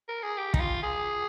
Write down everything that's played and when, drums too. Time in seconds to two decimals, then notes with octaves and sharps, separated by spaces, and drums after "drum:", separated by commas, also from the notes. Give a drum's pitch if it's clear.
0.08 A#4
0.23 G#4
0.38 G4
0.54 D#4, drum: kick
0.60 F4
0.83 G#4